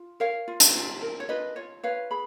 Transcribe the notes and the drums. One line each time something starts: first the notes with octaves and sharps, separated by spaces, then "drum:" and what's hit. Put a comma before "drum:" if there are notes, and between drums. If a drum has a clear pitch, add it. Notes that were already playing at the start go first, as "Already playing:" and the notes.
Already playing: F4
A#4 C#5 F5
F4
drum: hi-hat
F4
A#4
C#5
F4 B4 D#5
F4 C#5
B4 C#5 F5
G#4 B5